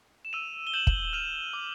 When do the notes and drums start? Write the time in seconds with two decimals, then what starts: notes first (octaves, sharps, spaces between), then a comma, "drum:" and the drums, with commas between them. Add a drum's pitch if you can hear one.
0.25 E7
0.33 E6 D#7 F7
0.67 G7
0.74 G6 E7 F#7
0.87 drum: kick
1.13 F6 D#7 F7
1.53 D6